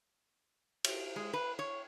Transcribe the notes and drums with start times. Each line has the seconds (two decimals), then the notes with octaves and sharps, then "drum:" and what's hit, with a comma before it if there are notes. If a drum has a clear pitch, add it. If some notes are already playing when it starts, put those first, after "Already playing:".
0.84 drum: cymbal
1.16 G#3
1.33 B4
1.59 C#5